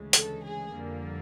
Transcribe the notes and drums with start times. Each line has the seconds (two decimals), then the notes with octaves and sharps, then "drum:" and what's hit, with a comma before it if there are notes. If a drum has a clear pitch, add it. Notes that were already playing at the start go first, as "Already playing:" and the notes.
Already playing: D2 C#3 E3 G#3
0.13 A4, drum: hi-hat
0.43 G#4
0.72 F2 D3 G3 A#3